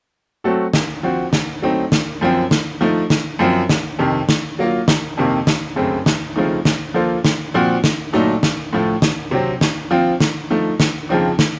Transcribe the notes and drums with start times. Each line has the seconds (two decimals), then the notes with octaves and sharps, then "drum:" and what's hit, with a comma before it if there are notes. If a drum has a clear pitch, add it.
0.44 F#3 A3 C4 F#4 A4
0.74 drum: snare
1.03 F3 C4 F#4
1.33 drum: snare
1.62 F#3 A3 C4 D#4
1.92 drum: snare
2.21 F#2 F3 C4
2.51 drum: snare
2.81 F3 A3 D#4
3.10 drum: snare
3.39 F#2 F3 C4
3.69 drum: snare
3.99 F2 C3 D#3
4.29 drum: snare
4.59 F#3 A#3 F4
4.88 drum: snare
5.17 F2 C3 D#3 A#3
5.47 drum: snare
5.76 F#2 C#3 A3 C4
6.06 drum: snare
6.36 C#3 F3 A3 C4 D#4
6.65 drum: snare
6.94 F3 A#3 F4 A4 C5
7.25 drum: snare
7.54 A#2 F3 C4 F#4
7.84 drum: snare
8.13 A#2 F#3 A3 D#4 A4
8.43 drum: snare
8.73 A2 F3 A3
9.02 drum: snare
9.31 C3 F#3 C4
9.61 drum: snare
9.91 F3 C4 F4
10.20 drum: snare
10.50 F3 A3 D#4
10.80 drum: snare
11.09 F2 C#3 F3 C4 D#4
11.39 drum: snare